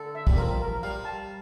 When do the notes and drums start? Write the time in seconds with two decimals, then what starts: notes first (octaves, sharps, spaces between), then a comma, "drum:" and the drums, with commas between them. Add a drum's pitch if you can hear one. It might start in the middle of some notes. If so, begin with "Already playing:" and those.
Already playing: D3 A4
0.15 E5
0.27 G3, drum: kick
0.37 F3 A#4
0.60 A#4
0.83 G3 F5
1.05 A5